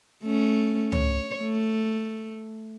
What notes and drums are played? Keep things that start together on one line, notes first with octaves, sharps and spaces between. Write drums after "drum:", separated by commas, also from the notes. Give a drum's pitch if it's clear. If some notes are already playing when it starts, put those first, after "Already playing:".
A3 C#4
C#5, drum: tom C#2
A3